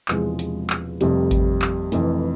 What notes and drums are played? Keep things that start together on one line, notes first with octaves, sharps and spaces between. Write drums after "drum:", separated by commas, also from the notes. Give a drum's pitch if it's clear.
E1 E2 C3 F3 G#3, drum: clap
drum: hi-hat
drum: clap
F1 F2 C3 G3, drum: hi-hat
drum: kick G#1, hi-hat
drum: clap
F1 F2 E3, drum: hi-hat